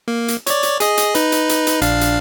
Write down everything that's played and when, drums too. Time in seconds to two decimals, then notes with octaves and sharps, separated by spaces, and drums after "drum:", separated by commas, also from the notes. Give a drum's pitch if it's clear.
0.08 A#3
0.28 drum: hi-hat
0.47 C#5 D5, drum: hi-hat
0.63 drum: hi-hat
0.80 G#4 D#5, drum: hi-hat
0.98 drum: hi-hat
1.15 D#4 B4, drum: hi-hat
1.32 drum: hi-hat
1.49 drum: hi-hat
1.67 drum: hi-hat
1.82 A#1 D4 F5, drum: hi-hat
2.01 drum: hi-hat